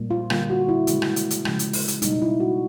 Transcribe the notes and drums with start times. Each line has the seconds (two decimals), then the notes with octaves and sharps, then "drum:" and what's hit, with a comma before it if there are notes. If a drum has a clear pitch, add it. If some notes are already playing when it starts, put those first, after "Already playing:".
Already playing: A#2 G3 A#3
0.11 F4
0.30 D3 G3 A#3 F4, drum: rim click
0.50 F#4
0.69 E4
0.87 C#3 E3 G#3, drum: hi-hat
1.02 drum: rim click
1.16 drum: hi-hat
1.31 drum: hi-hat
1.45 C#3 F3 G#3, drum: rim click
1.59 drum: hi-hat
1.73 drum: open hi-hat
1.88 drum: hi-hat
2.02 B2 G3 A#3 D#4, drum: hi-hat
2.22 E4
2.40 F#4